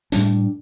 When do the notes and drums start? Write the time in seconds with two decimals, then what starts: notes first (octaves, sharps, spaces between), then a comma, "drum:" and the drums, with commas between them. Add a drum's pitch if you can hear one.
0.12 A2 G3 D4, drum: hi-hat